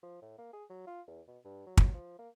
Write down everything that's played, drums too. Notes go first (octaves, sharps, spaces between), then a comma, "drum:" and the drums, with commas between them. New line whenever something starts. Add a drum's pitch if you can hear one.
F3
A2
A#3
G#4
F#3
F4
E2
B2
G2
F#3
drum: kick
F3
A#3